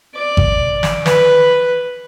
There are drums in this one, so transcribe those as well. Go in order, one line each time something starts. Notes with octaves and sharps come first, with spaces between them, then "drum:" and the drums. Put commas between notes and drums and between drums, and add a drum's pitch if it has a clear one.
D5
drum: kick G#1
drum: snare
B4, drum: snare